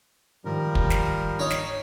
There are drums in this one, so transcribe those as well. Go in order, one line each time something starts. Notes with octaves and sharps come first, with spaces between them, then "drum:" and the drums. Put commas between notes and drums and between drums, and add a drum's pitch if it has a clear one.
G#2 D#3 F3 G3 A#4
drum: kick
drum: snare
D#4 C#5
drum: snare